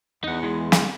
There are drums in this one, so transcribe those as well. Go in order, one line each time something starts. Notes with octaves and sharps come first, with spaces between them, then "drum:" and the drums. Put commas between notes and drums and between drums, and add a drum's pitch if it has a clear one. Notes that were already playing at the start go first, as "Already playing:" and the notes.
E2 D#4 F#5
E3 G#3
drum: snare